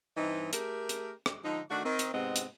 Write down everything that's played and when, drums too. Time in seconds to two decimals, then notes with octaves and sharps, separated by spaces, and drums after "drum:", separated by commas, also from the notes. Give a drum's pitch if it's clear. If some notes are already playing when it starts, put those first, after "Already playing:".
0.17 G2 E3 C4 D#4
0.53 A3 G4 G#4 A#4, drum: hi-hat
0.89 drum: hi-hat
1.26 drum: rim click
1.45 D3 F3 G#3 D#4
1.70 D#3 A3 D4 F#4
1.85 D#3 C4
1.99 drum: hi-hat
2.13 G#2 C3 G#3 B3 C4 D#5
2.36 drum: hi-hat